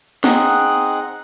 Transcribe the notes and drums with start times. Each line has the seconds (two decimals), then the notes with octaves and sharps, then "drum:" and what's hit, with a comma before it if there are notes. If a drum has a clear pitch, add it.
0.24 C4 D#4 G#4 D#5 F#5 F#6, drum: snare